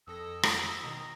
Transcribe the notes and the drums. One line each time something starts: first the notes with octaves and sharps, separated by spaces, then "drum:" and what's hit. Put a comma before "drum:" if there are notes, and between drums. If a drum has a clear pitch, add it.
F2 A4 D#6 E6 A#6
drum: rim click
B2 D#3 A#5